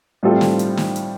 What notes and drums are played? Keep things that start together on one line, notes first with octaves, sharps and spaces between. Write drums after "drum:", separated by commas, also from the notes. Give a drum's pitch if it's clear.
A2 G3 C4 F4 A4
drum: snare
drum: hi-hat
drum: snare
drum: hi-hat